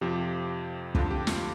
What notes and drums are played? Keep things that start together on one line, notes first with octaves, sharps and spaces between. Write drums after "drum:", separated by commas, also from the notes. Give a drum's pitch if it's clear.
F2 C3 F3 G4
F2 D3 F3 F4, drum: kick
G4
F4, drum: snare